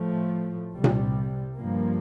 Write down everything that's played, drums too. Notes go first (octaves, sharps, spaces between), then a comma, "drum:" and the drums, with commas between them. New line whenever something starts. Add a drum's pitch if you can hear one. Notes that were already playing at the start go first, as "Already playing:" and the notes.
Already playing: A2 F3 A3
C2 C3 G3
drum: tom A#2
G2 F3 A#3